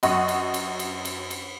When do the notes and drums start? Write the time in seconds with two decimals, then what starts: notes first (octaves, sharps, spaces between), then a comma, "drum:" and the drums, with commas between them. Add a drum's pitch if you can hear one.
0.03 F#2 D#5 F#5 C#6, drum: cymbal
0.28 drum: cymbal
0.54 drum: cymbal
0.79 drum: cymbal
1.05 drum: cymbal
1.30 drum: cymbal